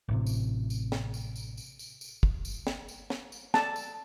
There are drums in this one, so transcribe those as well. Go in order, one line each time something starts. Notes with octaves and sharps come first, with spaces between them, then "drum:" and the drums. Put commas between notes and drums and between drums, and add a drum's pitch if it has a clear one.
A1 A2 C3
drum: tambourine
drum: tambourine
drum: snare
drum: tambourine
drum: tambourine
drum: tambourine
drum: tambourine
drum: tambourine
drum: kick
drum: tambourine
drum: snare
drum: tambourine
drum: snare
drum: tambourine
A5, drum: snare
drum: tambourine